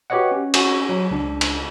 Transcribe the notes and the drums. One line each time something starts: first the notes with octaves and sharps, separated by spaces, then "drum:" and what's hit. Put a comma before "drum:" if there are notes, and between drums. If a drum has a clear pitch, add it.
F#4 G4 B4 C#5 D#5 F#5
C#4
C#4 F#4, drum: cymbal
F#3
C#2 D4
drum: cymbal